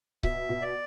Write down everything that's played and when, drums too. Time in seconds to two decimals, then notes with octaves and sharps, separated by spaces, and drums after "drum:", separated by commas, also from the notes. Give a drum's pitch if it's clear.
0.23 B2 E5, drum: kick C#1
0.49 B2
0.62 D5